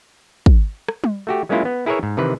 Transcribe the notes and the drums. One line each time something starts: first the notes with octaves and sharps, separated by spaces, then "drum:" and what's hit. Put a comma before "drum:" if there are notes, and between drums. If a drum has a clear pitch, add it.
drum: kick
drum: rim click
drum: tom G3
A3 F#4 G4
F#3 G#3 A#3 C#4 E4 F4
B3
E4 G#4 A#4 B4 C#5 E5
G#2
C3 D#3 E3 B4